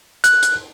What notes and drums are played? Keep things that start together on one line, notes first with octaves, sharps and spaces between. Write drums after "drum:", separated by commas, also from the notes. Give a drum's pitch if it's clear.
F#6, drum: hi-hat
drum: hi-hat